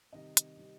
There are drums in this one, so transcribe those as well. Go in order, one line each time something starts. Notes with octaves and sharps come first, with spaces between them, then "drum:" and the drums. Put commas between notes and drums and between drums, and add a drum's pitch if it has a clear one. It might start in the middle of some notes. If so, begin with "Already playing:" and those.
C3 D#3 G3 D#5
drum: hi-hat
C3 D#3 G3